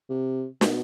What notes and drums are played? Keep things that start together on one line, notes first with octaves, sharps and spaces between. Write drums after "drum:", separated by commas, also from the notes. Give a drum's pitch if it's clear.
C3
B2, drum: snare